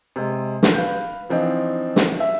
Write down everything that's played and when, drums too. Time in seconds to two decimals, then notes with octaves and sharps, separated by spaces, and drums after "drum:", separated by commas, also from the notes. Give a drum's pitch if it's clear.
0.16 C3 G#3
0.63 drum: snare
0.74 B4 F5 G6
1.29 E3 F3 C4 D4 D#4
1.96 drum: snare
2.20 E5